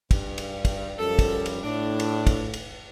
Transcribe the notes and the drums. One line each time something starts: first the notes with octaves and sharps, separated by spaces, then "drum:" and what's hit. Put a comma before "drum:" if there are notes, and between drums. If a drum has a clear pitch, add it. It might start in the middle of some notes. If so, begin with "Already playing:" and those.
G2, drum: kick, cymbal
drum: cymbal
drum: kick, cymbal
F#2 F3 G3 A4
drum: kick, cymbal
drum: cymbal
A2 D4
drum: cymbal
drum: kick, cymbal
drum: cymbal